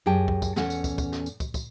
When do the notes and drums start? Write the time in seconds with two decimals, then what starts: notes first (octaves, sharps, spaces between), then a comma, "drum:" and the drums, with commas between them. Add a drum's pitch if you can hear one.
0.06 F#2 G4 G#4 G5 A5
0.28 drum: kick
0.42 drum: kick, tambourine
0.56 E2 C#4 A4 F#5, drum: snare
0.70 drum: tambourine
0.84 drum: kick, tambourine
0.98 drum: kick, tambourine
1.12 drum: snare
1.26 drum: tambourine
1.40 drum: kick, tambourine
1.54 drum: kick, tambourine